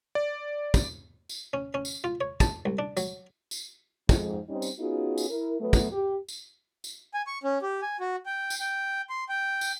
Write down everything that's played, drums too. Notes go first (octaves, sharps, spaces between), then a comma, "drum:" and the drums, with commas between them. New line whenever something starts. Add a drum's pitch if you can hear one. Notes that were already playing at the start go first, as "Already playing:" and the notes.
D5
drum: kick, tambourine
drum: tambourine
C#4
C#4
drum: tambourine
F4
C#5
A5, drum: kick, tambourine
C2
D4
F#3, drum: tambourine
drum: tambourine
F2 G#2, drum: kick, tambourine
G3 C4 C#4 D#4
drum: tambourine
B3 C#4 D#4 F4 F#4 G#4
drum: tambourine
E4 A#4
F#3 A3 B3
drum: kick, tambourine
G4
drum: tambourine
drum: tambourine
G#5
C#6
C#4
G4
G#5
F#4
G5
drum: tambourine
G5
C6
G5
drum: tambourine